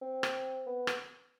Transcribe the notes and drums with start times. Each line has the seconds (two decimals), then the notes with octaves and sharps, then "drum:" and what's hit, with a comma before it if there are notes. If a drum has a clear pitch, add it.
0.01 C4
0.23 drum: rim click
0.66 B3
0.87 drum: rim click